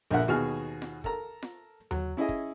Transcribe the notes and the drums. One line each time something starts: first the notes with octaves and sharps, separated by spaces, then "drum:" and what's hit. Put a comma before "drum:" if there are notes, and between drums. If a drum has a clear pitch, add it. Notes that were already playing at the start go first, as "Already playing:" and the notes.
A#1 D3 A#4 E5 F#5 F#6
D#2 B2 F#4 G#4 F6
drum: snare F4
A4 A#4 A#5, drum: kick
drum: snare F4
F#3, drum: tom D#2
C#4 E4 G#4 D#5
drum: kick